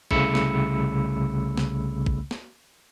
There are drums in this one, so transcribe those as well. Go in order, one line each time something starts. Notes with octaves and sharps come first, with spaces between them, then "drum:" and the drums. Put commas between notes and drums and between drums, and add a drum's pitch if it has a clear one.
C2 C#3 A3 B5 E6 C#7, drum: kick
drum: snare
drum: snare
drum: kick
drum: snare